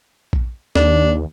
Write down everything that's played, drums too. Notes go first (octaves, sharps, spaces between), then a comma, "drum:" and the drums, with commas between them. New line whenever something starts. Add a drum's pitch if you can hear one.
drum: kick A#1
D#2 D4, drum: snare